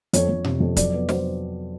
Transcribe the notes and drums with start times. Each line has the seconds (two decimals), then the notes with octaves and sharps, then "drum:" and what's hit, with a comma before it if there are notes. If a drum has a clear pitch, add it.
0.13 F2 C#5, drum: hi-hat
0.29 F2
0.44 C3, drum: tom F2
0.60 F2
0.77 F#3 D5, drum: kick, hi-hat
0.93 B3
1.09 F#3 C5, drum: snare